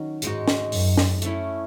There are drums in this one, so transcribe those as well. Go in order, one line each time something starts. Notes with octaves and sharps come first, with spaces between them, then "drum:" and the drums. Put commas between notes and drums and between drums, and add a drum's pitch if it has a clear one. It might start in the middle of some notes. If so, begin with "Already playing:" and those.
Already playing: D#3 F#3 C#4
G#2 G#3 D#4 F#4, drum: hi-hat
drum: snare
F#2, drum: open hi-hat
drum: snare
A3 C#4 E4, drum: hi-hat